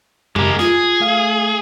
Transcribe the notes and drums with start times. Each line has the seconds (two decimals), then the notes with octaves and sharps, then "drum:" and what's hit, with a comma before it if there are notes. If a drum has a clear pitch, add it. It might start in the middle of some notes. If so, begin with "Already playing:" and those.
0.36 C#3 G#3 G4 A#4, drum: tom F#2
0.59 F4 G#4, drum: snare
1.00 A3 F5